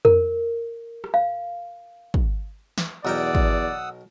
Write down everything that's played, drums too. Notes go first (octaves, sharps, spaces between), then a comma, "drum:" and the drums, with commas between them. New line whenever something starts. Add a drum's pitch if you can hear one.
A#4, drum: tom F2
drum: rim click
F5
drum: kick
drum: snare
B1 E2 A#4 D5 F#5 G5 D#6 E6
drum: kick